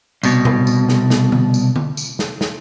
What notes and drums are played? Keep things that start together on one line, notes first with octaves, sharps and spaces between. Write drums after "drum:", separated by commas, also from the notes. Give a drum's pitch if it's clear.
C2 B2, drum: tambourine
drum: tom A#2
drum: tambourine
drum: snare
drum: snare
drum: tom D3
drum: tambourine
drum: tom D3
drum: tambourine
drum: snare
drum: snare